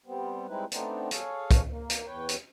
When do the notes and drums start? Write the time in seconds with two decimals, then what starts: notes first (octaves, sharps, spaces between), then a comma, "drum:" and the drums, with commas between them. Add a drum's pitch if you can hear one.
0.06 G3 B3 C4
0.48 G3 G#3 C4 D#4 E4 B4
0.72 A3 B3 C4 D4 D#4, drum: hi-hat
1.11 G#4 A4 C#5 F5, drum: hi-hat
1.51 drum: kick, hi-hat
1.70 A#3
1.90 drum: hi-hat
2.07 E2 B4 C#5 G5
2.29 drum: hi-hat